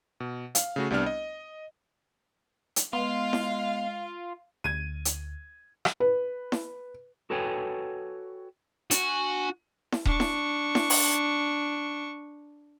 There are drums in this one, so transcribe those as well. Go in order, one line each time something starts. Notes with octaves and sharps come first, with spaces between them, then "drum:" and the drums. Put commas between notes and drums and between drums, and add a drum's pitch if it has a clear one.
B2
F5, drum: hi-hat
C#3 A3 F#4
C2 G3 B3 D4 F6
D#5
drum: hi-hat
G#3 B3 F4 F5
drum: snare E4
D2 G#6 D#7
drum: hi-hat
drum: rim click
B4
drum: snare E4
F#4 A4 B4 C#5 G5 G#5
D4 F#4 G#5, drum: hi-hat
drum: snare E4
D4 C#6, drum: kick D#1
drum: snare E4
drum: snare E4
drum: open hi-hat